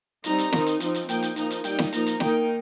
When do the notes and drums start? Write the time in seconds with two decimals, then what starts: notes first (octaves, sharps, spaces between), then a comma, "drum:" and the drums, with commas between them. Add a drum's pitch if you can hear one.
0.24 G3 C4 D#4 A#5, drum: hi-hat
0.38 drum: hi-hat
0.52 D#3 C4 D#4, drum: snare
0.66 drum: hi-hat
0.80 F3 C4 D#4, drum: hi-hat
0.94 drum: hi-hat
1.09 F3 A#3 D#4 G5, drum: hi-hat
1.22 drum: hi-hat
1.36 F3 A#3 D#4 A#5, drum: hi-hat
1.50 drum: hi-hat
1.64 G3 D#4 G5, drum: hi-hat
1.79 drum: snare
1.93 F3 A#3 D#4 A#5, drum: hi-hat
2.07 drum: hi-hat
2.20 D#3 A#3 D#4 G5, drum: snare